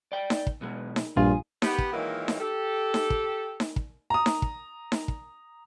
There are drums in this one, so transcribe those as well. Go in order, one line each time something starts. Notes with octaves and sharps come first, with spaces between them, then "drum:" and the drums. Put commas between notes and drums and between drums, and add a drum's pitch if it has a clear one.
D5 G5
drum: snare D#4
drum: kick
B1 B2 G#3
drum: snare D#4
A#1 G2 F4 G#4
B3 G4, drum: snare D#4
drum: kick
A#2 D#3 E3 F#3 G#3 A#3
drum: snare D#4
G4 A4
drum: snare D#4
drum: kick
drum: snare D#4
drum: kick
A#5 D#6
drum: snare D#4
drum: kick
drum: snare D#4
drum: kick